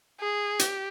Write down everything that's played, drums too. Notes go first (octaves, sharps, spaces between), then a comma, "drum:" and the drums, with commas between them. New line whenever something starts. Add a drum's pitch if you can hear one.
G#4
G4, drum: hi-hat